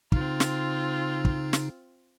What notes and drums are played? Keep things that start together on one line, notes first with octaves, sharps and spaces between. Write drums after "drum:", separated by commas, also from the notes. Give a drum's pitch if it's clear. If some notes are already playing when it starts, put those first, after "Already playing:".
C#3 C4 D#4 F4, drum: kick
drum: snare
drum: kick
drum: snare